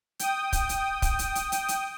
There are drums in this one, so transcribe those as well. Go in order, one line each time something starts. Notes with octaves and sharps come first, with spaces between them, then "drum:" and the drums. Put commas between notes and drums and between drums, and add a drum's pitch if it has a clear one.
G5 D#6, drum: hi-hat
drum: kick, hi-hat
drum: hi-hat
drum: kick, hi-hat
drum: hi-hat
drum: hi-hat
drum: hi-hat
drum: hi-hat